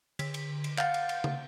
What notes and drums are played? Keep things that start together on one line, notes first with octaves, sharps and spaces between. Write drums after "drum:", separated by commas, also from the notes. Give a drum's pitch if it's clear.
D3 B6, drum: cymbal
drum: cymbal
drum: cymbal
F5 F#5 G6 A6, drum: clap
drum: cymbal
drum: cymbal
drum: tom C#3